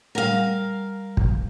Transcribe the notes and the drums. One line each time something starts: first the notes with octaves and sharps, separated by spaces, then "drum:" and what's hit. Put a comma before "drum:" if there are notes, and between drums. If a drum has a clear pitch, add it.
G3 A#4 F5 F#5
drum: kick